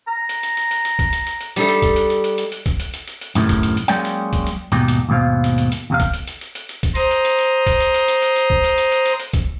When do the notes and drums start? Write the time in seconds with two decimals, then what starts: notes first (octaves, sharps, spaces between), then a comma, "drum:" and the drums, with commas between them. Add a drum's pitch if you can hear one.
0.08 A#5
0.29 drum: hi-hat
0.43 drum: hi-hat
0.57 drum: hi-hat
0.71 drum: hi-hat
0.85 drum: hi-hat
0.99 drum: kick, hi-hat
1.13 drum: hi-hat
1.27 drum: hi-hat
1.41 drum: hi-hat
1.56 G3 D#4 A4, drum: hi-hat
1.68 drum: hi-hat
1.82 drum: kick, hi-hat
1.96 drum: hi-hat
2.10 drum: hi-hat
2.24 drum: hi-hat
2.38 drum: hi-hat
2.52 drum: hi-hat
2.66 drum: kick, hi-hat
2.80 drum: hi-hat
2.94 drum: hi-hat
3.08 drum: hi-hat
3.21 drum: hi-hat
3.35 F#2 A2 C3 D#3, drum: hi-hat
3.49 drum: kick, hi-hat
3.63 drum: hi-hat
3.77 drum: hi-hat
3.88 F#3 G#3 A#3 C#4 D5 G5, drum: hi-hat
4.05 drum: hi-hat
4.33 drum: kick, hi-hat
4.47 drum: hi-hat
4.72 D#2 G#2 B2 D#4 G4, drum: hi-hat
4.88 drum: hi-hat
5.09 D#2 G#2 B2 C4 F5
5.44 drum: hi-hat
5.58 drum: hi-hat
5.72 drum: hi-hat
5.90 D#2 C3 F5
6.00 drum: kick, hi-hat
6.14 drum: hi-hat
6.27 drum: hi-hat
6.41 drum: hi-hat
6.55 drum: hi-hat
6.69 drum: hi-hat
6.83 drum: kick, hi-hat
6.95 C5 A#5 C6 D#6, drum: hi-hat
7.11 drum: hi-hat
7.25 drum: hi-hat
7.39 drum: hi-hat
7.67 drum: kick, hi-hat
7.80 drum: hi-hat
7.94 drum: hi-hat
8.08 drum: hi-hat
8.22 drum: hi-hat
8.36 drum: hi-hat
8.50 drum: kick
8.64 drum: hi-hat
8.78 drum: hi-hat
8.92 drum: hi-hat
9.06 drum: hi-hat
9.20 drum: hi-hat
9.33 drum: kick, hi-hat